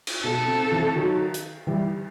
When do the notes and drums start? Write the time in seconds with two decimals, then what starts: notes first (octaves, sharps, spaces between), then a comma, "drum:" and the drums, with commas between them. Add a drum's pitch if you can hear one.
0.07 drum: cymbal
0.24 B2 A4
0.48 C3
0.72 C3 E3
0.95 D#3 F#3
1.34 drum: hi-hat
1.67 E3 G3